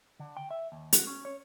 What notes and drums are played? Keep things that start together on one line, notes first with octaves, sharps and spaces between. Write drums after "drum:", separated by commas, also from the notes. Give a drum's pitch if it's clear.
D3
G5
E5
D#2
F#4, drum: hi-hat
C#4
C#5